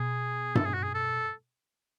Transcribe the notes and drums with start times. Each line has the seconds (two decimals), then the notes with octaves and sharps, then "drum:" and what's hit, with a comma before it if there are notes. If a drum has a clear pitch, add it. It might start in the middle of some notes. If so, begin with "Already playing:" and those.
Already playing: B2 G#4
0.55 A4, drum: tom G2
0.65 G#4
0.74 F#4
0.83 G#4
0.95 A4